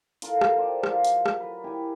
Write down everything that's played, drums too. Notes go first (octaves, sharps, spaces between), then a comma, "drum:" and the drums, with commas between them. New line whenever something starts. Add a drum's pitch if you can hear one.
F4 A4 A#4, drum: hi-hat
drum: rim click
G4 C5 D5
F#3 F4, drum: rim click
drum: hi-hat
drum: rim click
A#4 B4
E4 G4 G#5